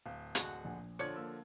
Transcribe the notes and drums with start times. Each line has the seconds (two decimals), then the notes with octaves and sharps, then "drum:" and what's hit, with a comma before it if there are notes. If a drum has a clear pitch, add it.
0.06 D1 F5
0.35 D3 G#3 F#4, drum: hi-hat
0.65 A#1 G#5
0.99 D3 F3 C#5 D5 G#6
1.16 A#3 E6